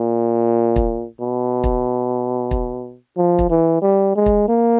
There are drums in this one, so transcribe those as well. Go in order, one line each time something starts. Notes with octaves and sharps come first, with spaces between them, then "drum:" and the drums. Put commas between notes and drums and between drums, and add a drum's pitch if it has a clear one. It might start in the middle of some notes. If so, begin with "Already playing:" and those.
Already playing: A#2
drum: kick
B2
drum: kick
drum: kick
F3
drum: kick
E3
G3
G#3
drum: kick
A#3